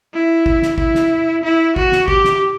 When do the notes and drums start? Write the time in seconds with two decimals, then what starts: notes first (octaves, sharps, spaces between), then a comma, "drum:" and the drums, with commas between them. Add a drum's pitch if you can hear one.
0.14 E4
0.46 drum: kick
0.62 drum: snare
0.78 E4, drum: kick
0.95 drum: snare
1.44 E4
1.76 F#4, drum: kick
1.92 drum: snare
2.08 G4, drum: kick
2.24 drum: snare